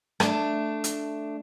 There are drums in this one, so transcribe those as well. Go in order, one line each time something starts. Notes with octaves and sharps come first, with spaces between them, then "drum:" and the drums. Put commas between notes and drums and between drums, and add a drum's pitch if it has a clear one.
A3 D4, drum: rim click
drum: hi-hat